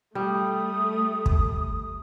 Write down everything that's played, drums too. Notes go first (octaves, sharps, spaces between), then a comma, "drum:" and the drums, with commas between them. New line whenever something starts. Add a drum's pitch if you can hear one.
G3 A3 D#6
drum: kick